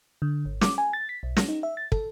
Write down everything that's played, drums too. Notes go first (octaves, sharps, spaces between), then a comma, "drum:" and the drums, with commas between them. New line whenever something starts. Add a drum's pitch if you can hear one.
D3
G#1
D6, drum: snare
G#5
A6
B6
B1
A#6, drum: snare
D#4
E5
A6
A4, drum: kick